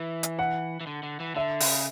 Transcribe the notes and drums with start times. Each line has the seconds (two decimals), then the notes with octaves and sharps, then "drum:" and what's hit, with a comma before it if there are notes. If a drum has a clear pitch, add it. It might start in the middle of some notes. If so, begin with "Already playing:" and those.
Already playing: E3
0.23 drum: hi-hat
0.39 F#5
0.81 E3
0.87 D3
1.03 D3
1.20 E3
1.35 D3 E5
1.60 C#3, drum: open hi-hat